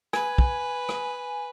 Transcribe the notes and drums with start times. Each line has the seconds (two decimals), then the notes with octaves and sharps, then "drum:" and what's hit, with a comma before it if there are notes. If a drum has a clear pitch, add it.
0.13 B4 G#5, drum: rim click
0.38 drum: kick
0.89 drum: rim click